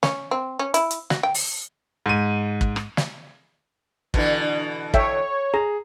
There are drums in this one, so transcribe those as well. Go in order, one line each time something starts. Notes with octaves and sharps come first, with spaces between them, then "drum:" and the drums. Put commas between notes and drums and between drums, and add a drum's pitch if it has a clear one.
C#4, drum: snare
C4
C#4
E4, drum: hi-hat
drum: hi-hat
F#4, drum: snare
G5
drum: open hi-hat
G#2 D#7
drum: kick
drum: rim click
drum: snare
B2 D3 E3, drum: kick
A4 C#5 E5 G5, drum: kick
G#4 A#5